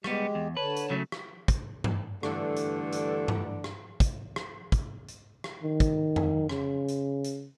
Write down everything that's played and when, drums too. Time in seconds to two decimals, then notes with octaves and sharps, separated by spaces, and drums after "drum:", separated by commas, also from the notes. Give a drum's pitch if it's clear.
0.04 G3 G#3 B3 G4, drum: rim click
0.35 E2
0.57 D3 B4 C#5 A5
0.76 drum: hi-hat
0.90 C#3 F#3 A3
1.12 drum: rim click
1.48 drum: kick, hi-hat
1.84 drum: tom G2
2.23 G2 D3 E3 A3 D4, drum: rim click
2.56 drum: hi-hat
2.92 drum: hi-hat
3.28 drum: tom G2
3.64 drum: rim click
4.00 drum: kick, hi-hat
4.36 drum: rim click
4.72 drum: kick, hi-hat
5.08 drum: hi-hat
5.44 drum: rim click
5.63 D#3
5.80 drum: kick, hi-hat
6.16 drum: tom F2
6.49 C#3, drum: rim click
6.88 drum: hi-hat
7.24 drum: hi-hat